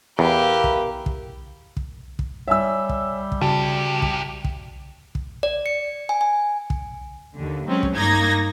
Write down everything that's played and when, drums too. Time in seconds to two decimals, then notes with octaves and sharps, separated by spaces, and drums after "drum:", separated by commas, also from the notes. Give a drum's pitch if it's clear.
0.19 E2 A#3 G4 A#4 B4 E5
0.64 drum: kick
1.06 drum: kick
1.77 drum: kick
2.19 drum: kick
2.48 G3 C#5 E5 G#5 E6
2.89 drum: kick
3.32 drum: kick
3.41 C2 C#3 F#4 G4 A5
4.02 drum: kick
4.44 drum: kick
5.15 drum: kick
5.43 D5
5.66 C#7
6.09 G#5
6.21 G#5
6.70 drum: kick
7.36 D#2 D3
7.65 F#3 G#3 C4 C#4
7.83 drum: kick
7.95 G2 A#3 D#4 G#6 A#6